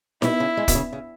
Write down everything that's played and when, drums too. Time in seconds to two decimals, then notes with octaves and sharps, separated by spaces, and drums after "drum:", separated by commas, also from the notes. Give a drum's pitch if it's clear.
0.22 B2 E4, drum: snare D#4
0.40 C#3
0.57 G#3
0.68 B2, drum: kick, hi-hat
0.75 C#3
0.93 C#3